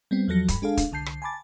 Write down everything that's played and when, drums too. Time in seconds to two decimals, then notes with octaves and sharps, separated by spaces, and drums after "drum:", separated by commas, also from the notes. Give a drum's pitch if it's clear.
0.11 G3 B3 C4
0.28 E2 F3 F#3 A4 A#6 C#7
0.48 G2 B5, drum: kick, hi-hat
0.62 G#3 D4 G#4 A4 F5
0.77 drum: kick, hi-hat
0.92 C2 D3 A5 G6 C7
1.06 drum: rim click
1.22 G#5 A5 B5 D6 A6